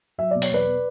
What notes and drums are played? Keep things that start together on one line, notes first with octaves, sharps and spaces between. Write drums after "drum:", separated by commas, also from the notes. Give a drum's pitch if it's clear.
F#3 E5
B2 D5
C#5, drum: open hi-hat
E2 B4 D5